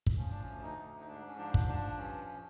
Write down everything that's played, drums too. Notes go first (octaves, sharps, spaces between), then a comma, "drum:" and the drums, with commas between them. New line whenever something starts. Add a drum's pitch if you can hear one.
drum: kick
F3 C#4
D4
D2 C#4
D#4
D2
D#4
G#2 D4
C#4
F3 D4
drum: kick
F3 D4
G2 C#4